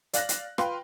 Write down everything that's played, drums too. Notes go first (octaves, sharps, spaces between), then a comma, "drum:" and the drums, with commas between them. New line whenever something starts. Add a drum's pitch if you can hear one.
D5 F5 F#6 A#6, drum: hi-hat
drum: hi-hat
F4 B4 F5 G5 C6, drum: rim click